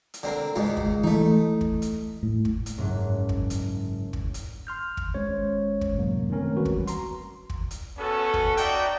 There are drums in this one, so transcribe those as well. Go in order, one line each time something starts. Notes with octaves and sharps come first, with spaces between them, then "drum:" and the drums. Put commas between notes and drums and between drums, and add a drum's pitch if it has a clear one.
drum: hi-hat
D3 C4 A#4
C#2 G#2 D#3
drum: kick
E3 A3 D#4
drum: kick
drum: hi-hat
A2
drum: kick
drum: hi-hat
F#1 G#2
drum: kick
drum: hi-hat
drum: kick
drum: hi-hat
C6 F6 G6
drum: kick
G#1 G#3 C#4 C5 C#5
drum: kick
F#2 A2 C3 F#3 A#3
D#3 G#3 A3 C4 C#4 A#4
E3 G3 F#4 B4
drum: kick
A#5 C6, drum: hi-hat
drum: kick
drum: hi-hat
B3 C#4 F#4 A4
drum: kick
D#4 F#4 D5 E5 G5, drum: hi-hat